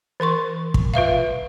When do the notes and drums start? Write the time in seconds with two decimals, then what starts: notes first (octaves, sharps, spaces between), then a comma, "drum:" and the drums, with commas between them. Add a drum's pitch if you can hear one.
0.20 E3 A#4 C6 C#6
0.74 drum: kick
0.94 F4 B4 E5 F5